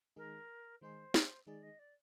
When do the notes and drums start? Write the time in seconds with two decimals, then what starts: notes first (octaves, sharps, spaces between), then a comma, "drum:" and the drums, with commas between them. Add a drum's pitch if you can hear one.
0.16 D#3 G#3 D#4 G#4 A#4
0.81 D#3 G#3 D#4 G#4 C5
1.14 drum: snare
1.46 D#3 G#3 D#4 G#4 D5
1.62 D#5
1.79 D5